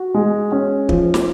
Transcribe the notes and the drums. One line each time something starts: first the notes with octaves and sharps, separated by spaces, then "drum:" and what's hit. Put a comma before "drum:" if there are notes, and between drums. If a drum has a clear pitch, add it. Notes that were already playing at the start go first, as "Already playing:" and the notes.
Already playing: F#4
G#3
C#4
F3, drum: kick
drum: snare